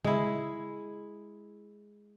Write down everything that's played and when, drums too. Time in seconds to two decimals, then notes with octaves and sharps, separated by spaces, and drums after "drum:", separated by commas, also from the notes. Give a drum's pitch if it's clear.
0.05 G#3 E4, drum: tom C#3